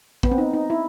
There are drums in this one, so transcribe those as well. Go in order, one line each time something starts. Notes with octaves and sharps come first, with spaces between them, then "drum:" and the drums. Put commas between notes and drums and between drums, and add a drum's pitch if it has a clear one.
B3, drum: kick
C4
D#4
D#4
E4